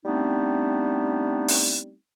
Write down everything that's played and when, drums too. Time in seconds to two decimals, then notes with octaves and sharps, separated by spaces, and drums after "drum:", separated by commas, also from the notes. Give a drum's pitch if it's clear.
0.06 G3 A3 B3 C4 D4 D#4
1.48 drum: open hi-hat